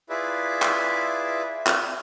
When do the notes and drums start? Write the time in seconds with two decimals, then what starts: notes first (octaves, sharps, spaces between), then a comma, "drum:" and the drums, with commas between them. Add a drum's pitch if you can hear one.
0.09 E4 F4 G#4 B4 D5 E5
0.62 drum: clap
1.67 drum: clap